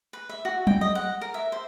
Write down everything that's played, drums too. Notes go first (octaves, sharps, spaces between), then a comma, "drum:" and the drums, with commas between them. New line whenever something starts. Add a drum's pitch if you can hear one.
B4
E5
F#4
G5, drum: tom
D#5
F#5
A#4
E5
C5